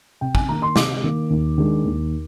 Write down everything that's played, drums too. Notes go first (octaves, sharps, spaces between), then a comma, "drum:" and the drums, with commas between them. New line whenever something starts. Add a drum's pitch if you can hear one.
C3 G5
G#5, drum: kick
D#3 A#3 A#5
C6
C3 D6, drum: snare
D#3 A#3
D#2
D#3 G#3 D4
D#2